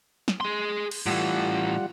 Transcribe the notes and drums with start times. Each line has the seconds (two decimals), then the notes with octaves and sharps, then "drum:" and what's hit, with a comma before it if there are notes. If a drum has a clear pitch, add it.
0.28 drum: snare
0.41 G#4 C6
0.91 drum: cymbal
1.06 A2 E3 G3 F4 F#5